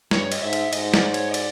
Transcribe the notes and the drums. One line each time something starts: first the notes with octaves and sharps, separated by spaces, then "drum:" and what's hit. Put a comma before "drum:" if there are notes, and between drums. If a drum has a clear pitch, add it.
G2 C#5, drum: snare
D#5, drum: cymbal
G#2 E5
drum: cymbal
G#2 D#5, drum: cymbal
D5, drum: snare
C#5, drum: cymbal
D#5
D5, drum: cymbal